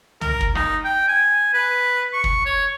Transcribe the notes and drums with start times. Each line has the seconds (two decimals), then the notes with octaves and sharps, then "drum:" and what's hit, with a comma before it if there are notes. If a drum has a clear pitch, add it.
0.21 A#4, drum: tom C2
0.41 drum: kick
0.55 D#4, drum: rim click
0.85 G5
1.08 G#5
1.54 B4
2.13 C#6
2.24 drum: kick
2.46 C#5